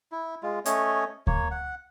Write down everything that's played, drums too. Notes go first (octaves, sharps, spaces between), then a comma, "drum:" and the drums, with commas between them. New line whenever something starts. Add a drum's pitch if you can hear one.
E4
G#3 F4
A3 C#4 C#5 D#5, drum: hi-hat
A#3 C#5, drum: kick D2
F#5